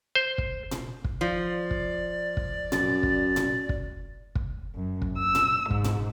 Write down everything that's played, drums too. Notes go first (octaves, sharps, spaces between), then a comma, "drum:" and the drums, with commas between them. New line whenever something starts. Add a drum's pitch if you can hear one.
C5
drum: kick
drum: tom A#2
drum: kick
F3 D5
drum: kick
drum: kick
F#2 A6, drum: tom A#2
drum: kick
drum: tom A#2
drum: kick
drum: kick
F#2
drum: kick
E6
drum: tom A#2
G#2, drum: kick
drum: tom A#2